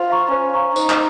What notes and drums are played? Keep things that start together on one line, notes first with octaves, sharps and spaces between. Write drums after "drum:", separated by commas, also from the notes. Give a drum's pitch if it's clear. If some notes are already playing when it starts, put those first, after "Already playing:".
Already playing: F4 C5
F5 A#5 C#6
C#4 C5
F5 A#5 C#6
D#4 C5, drum: tambourine
drum: clap